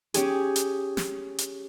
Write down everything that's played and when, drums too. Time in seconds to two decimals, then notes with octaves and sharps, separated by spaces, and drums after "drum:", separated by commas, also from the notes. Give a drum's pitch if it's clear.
0.14 C#4 G4 G#4, drum: hi-hat
0.56 drum: hi-hat
0.97 drum: snare
1.38 drum: hi-hat